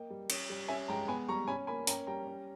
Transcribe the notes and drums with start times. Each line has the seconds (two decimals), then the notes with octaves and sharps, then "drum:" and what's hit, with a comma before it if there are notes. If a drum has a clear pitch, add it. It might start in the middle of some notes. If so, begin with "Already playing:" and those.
Already playing: A#3 D#5 G5
0.10 G3
0.30 C#4, drum: cymbal
0.50 G3
0.68 C#4 E5 G#5
0.88 G#3 G5 A#5
1.08 B3 G#5 B5
1.28 G3 A#5 C#6
1.48 C#4 G#5 B5
1.67 A#3 G#5 B5
1.87 C#4 G5 A#5, drum: hi-hat
2.07 G3 G5 A#5
2.27 C#4